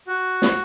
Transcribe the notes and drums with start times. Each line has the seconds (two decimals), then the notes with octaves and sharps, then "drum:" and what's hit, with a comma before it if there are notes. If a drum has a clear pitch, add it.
0.07 F#4
0.42 drum: snare